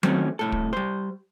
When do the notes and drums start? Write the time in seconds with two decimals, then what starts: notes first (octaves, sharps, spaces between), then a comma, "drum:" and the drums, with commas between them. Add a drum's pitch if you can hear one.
0.03 D#3 F#3 A3 C4 C#4, drum: tom F#3
0.39 C2 A2 A4
0.52 drum: kick
0.73 G3 C5